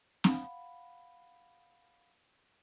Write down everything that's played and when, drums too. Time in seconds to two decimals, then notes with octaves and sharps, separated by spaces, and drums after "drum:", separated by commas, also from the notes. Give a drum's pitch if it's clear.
0.24 F5 F#5 B5, drum: snare